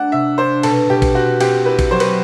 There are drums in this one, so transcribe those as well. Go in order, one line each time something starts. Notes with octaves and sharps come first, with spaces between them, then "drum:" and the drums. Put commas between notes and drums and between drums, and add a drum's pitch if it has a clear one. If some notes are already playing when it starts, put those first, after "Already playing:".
Already playing: A3 D4 F#5
C3 E5
D4 C5
B2 A4, drum: cymbal
B2 G4
drum: kick A1, cymbal
C4 F#4
C4 G4, drum: cymbal
E4 B4
drum: kick A1, cymbal
F#3 C5
B4, drum: cymbal